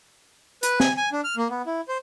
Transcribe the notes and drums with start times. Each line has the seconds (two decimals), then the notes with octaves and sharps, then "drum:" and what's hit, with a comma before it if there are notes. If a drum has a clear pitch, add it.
0.63 B4, drum: hi-hat
0.80 G#5, drum: snare
0.97 G#5
1.12 D4
1.24 F6
1.37 A#3
1.50 B3
1.66 E4
1.88 C5